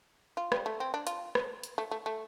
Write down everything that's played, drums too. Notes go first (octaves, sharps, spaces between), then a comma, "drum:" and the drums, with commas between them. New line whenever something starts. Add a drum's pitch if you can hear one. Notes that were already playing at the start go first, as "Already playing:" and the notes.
F4
G3, drum: rim click
A3
C4
D4
F4, drum: hi-hat
drum: rim click
drum: hi-hat
A3
A3
A3